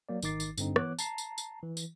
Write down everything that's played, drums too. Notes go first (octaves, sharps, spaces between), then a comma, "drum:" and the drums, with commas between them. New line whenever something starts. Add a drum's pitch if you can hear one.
F#3 A#3 D5
G#1 D#3 D#4 D6 A6 C7, drum: tambourine
drum: tambourine
G2 D3 C4 D#4, drum: tambourine
E3 B3 C#5 D6 F#6, drum: rim click
A5 A#5 C7, drum: tambourine
drum: tambourine
drum: tambourine
E3
drum: tambourine